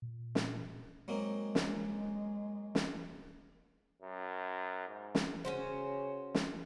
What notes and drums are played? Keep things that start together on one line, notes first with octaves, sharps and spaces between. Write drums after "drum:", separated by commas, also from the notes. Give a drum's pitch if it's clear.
A#2
drum: snare
F#3 G#3 A#3 C4
drum: snare
drum: snare
F#2
G#2
drum: snare
C#3 C#4 F#4 C5
drum: snare